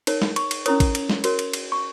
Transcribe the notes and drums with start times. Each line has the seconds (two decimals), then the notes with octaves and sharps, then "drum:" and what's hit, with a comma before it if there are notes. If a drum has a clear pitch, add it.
0.07 D#4 A#4 C#5, drum: cymbal
0.22 drum: snare
0.36 C#6, drum: cymbal
0.51 drum: cymbal
0.66 C#4 E4 A#4 C#5 D#6, drum: cymbal
0.80 drum: kick, cymbal
0.95 drum: cymbal
1.10 drum: snare
1.24 F#4 A#4 C#5, drum: cymbal
1.39 drum: cymbal
1.53 drum: cymbal
1.72 C#6